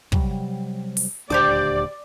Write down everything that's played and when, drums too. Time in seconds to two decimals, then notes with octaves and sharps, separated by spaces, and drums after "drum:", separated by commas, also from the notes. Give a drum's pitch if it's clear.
0.12 C3 F#3 G3, drum: kick
0.97 drum: open hi-hat
1.30 D#1 D2 D4 G4 C5 D5 D6